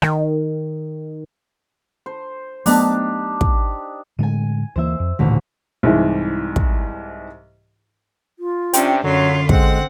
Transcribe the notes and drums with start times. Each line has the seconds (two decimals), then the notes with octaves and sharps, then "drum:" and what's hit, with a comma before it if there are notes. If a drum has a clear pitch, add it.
0.02 D#3, drum: rim click
2.06 C5
2.66 F#3 A3 B3 D4 D#4 G4, drum: open hi-hat
3.41 drum: kick
4.19 A2 D3 G#3 G#5 D#7
4.76 D2 E3 A#3 C5 E5
5.00 F2
5.19 A1 D2 A#2 D#3 E3
5.83 C2 G#2 E3
6.56 drum: kick
8.39 F4
8.73 C3 C#4 D4 G5, drum: hi-hat
9.04 F#2 D3 F#3 F4 C#5
9.49 G#3 C4 F#5, drum: kick